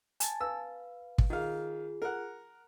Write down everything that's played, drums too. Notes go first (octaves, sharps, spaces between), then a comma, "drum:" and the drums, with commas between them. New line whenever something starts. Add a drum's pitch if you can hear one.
G#5 A5 A6, drum: hi-hat
B4 F5 E6
drum: kick
D#3 F4 G#4 F5
A#4 F#5